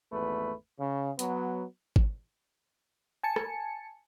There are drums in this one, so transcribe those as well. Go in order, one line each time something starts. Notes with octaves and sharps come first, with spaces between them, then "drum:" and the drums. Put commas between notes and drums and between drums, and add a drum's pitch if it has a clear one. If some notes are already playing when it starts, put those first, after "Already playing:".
G#1 E2 A3 B4
C#3
F#3 B3, drum: hi-hat
drum: kick G#1
G#5 A5 C#7
drum: rim click